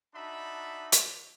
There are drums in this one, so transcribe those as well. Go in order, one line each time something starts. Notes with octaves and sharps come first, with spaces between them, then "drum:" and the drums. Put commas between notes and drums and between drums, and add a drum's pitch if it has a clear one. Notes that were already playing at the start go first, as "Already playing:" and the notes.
D4 D#4 F#4 E5 A5 B5
drum: hi-hat